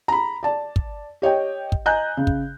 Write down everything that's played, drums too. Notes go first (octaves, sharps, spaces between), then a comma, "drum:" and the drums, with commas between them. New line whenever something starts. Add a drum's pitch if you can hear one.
A#5 B5
D5 A5
drum: kick
G4 C#5 D#5 G5
drum: kick
D#5 G#5 A#5 F#6 G6
C#3
drum: kick